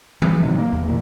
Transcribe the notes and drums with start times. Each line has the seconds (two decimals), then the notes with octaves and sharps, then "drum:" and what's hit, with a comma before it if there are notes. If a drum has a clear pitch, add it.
0.22 E3, drum: tom F3
0.42 A2 C3 D#3 F#3
0.59 A#3
0.73 E2
0.87 A1 A#2 D#3 E3